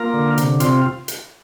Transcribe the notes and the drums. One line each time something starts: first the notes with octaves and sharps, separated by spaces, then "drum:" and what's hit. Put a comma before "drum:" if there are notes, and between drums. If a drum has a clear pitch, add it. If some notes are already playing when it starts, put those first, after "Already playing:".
Already playing: A#3 F4 A#4
D3
C3, drum: hi-hat
C3 C4 F4, drum: hi-hat
drum: hi-hat